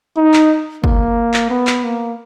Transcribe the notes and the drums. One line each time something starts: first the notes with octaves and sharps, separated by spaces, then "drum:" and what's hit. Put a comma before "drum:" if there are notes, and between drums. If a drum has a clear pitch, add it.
D#4
drum: clap
A#3, drum: kick
drum: clap
B3
drum: clap
A#3